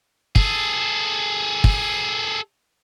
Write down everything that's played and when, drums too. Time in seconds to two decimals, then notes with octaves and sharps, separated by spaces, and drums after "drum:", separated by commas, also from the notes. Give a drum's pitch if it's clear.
0.36 G#4 A4, drum: kick
1.64 drum: kick